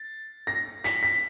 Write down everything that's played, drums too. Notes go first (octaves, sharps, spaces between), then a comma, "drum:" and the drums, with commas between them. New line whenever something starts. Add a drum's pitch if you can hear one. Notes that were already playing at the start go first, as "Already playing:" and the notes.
Already playing: A6
A#6
B6, drum: hi-hat
B6